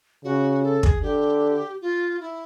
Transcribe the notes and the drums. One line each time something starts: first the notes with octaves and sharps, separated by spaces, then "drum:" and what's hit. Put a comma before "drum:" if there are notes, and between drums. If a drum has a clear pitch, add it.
C#3 F#4
A4
G#4, drum: kick
D3 G4
F4
E4